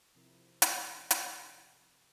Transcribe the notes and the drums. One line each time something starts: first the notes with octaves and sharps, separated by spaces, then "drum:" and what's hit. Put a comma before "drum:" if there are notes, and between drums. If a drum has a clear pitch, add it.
C3 F3 C4 E4 A#4
drum: hi-hat
drum: hi-hat